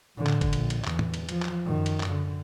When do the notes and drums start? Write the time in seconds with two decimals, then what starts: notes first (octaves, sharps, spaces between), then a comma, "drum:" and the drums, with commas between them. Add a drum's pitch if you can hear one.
0.16 A2 D3
0.27 drum: clap
0.41 drum: kick, cymbal
0.53 A#1, drum: cymbal
0.70 drum: cymbal
0.85 E2, drum: clap
0.99 drum: tom
1.14 drum: cymbal
1.29 F3, drum: cymbal
1.43 drum: clap
1.66 F#2 D#3
1.86 drum: cymbal
2.00 drum: clap
2.10 D3